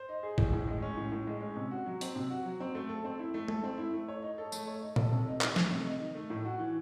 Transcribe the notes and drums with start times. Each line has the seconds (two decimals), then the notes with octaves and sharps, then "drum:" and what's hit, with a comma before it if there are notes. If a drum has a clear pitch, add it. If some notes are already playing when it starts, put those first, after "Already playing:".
Already playing: C5
0.09 D#4
0.23 G#4
0.38 A2, drum: kick
0.52 A2
0.67 G#3
0.82 C#4
0.97 A2
1.12 A2
1.27 G#3
1.42 C#4
1.57 C3
1.71 F#4
1.86 F#3
2.01 C4, drum: open hi-hat
2.16 C3
2.30 F#4
2.45 F#3
2.60 C4
2.75 A3
2.89 A4
3.04 C4
3.19 E4
3.34 A3
3.48 A4, drum: tom
3.63 C4
3.78 E4
3.93 A3
4.08 C#5
4.23 D#4
4.38 A4
4.52 A3, drum: tambourine
4.68 C#5
4.82 D#4
4.96 A4, drum: tom A#2
5.11 C3
5.27 D#4
5.41 D#3, drum: clap
5.56 A3, drum: snare
5.70 C3
5.86 D#4
6.00 D#3
6.15 A3
6.30 A2
6.45 F#4
6.59 E3